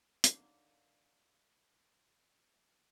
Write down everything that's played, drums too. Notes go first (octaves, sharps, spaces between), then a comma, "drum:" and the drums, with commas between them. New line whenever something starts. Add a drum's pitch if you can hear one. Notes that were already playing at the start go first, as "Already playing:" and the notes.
D3 D#3 F#3 A#3, drum: hi-hat